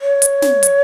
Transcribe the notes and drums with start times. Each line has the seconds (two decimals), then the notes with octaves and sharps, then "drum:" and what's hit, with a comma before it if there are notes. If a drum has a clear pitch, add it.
0.01 C#5
0.22 drum: hi-hat
0.42 drum: snare
0.63 drum: hi-hat